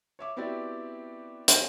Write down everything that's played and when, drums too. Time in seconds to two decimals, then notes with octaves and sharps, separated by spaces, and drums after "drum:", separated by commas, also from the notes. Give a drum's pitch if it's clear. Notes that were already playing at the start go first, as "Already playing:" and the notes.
0.19 C#5 E5 D6
0.36 B3 C4 E4 F#4 G4 D5
1.48 drum: hi-hat